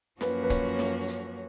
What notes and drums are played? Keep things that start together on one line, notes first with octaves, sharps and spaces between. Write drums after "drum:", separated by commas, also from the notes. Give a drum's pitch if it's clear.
F#2 F3 A#3 C#4 F#4 B4, drum: snare
B4
C#5, drum: kick, hi-hat
drum: snare
drum: hi-hat